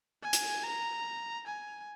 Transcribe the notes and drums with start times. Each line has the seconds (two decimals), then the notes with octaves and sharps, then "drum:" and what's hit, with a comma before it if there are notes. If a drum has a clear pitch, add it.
0.23 G#5
0.33 drum: hi-hat
0.64 A#5
1.47 G#5